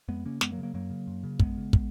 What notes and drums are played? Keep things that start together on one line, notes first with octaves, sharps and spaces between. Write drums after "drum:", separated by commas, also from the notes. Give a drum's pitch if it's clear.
F2 G#3 B3
C#3 A#3 C#4
F#2 G#3 B3, drum: snare
F#3 A#3
C#3
F#3 A#3
F#2 F#3 A#3
C#3
F#2
C#3
F#2 G#3 B3, drum: kick
C#3
drum: kick